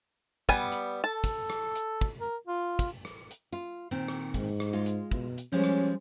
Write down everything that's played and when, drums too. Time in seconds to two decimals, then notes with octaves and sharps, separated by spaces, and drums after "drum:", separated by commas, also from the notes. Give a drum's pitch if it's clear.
0.49 G3 B3 G#5, drum: kick
0.72 drum: hi-hat
1.04 A4 A5
1.24 drum: kick, hi-hat
1.50 drum: rim click
1.76 drum: hi-hat
2.01 drum: kick
2.20 A#4
2.47 F4
2.79 drum: kick, hi-hat
3.05 drum: rim click
3.31 drum: hi-hat
3.52 F4
3.91 A#2 D#3 C4
4.08 drum: rim click
4.34 G#2, drum: kick, hi-hat
4.60 drum: rim click
4.73 G#3 F4
4.86 drum: hi-hat
5.11 B2, drum: kick
5.38 drum: hi-hat
5.52 F3 G3 G#3 C#4
5.64 drum: rim click